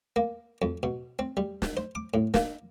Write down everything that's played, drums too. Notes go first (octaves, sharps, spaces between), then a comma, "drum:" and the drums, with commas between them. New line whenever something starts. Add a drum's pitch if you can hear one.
A#3
F2
B2
C4
G3
drum: snare
C5
D6
A2
A#3, drum: snare